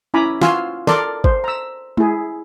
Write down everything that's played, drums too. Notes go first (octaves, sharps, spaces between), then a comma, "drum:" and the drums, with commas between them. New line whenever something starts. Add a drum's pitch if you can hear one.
C#4 E4 G#5 A#5 B5 D6
F4 F#4 F5 G#5 C6 E6, drum: snare
A4 A#4 D5 C6, drum: snare
C5, drum: kick
A#5 E6
E4 G#4, drum: tom G#3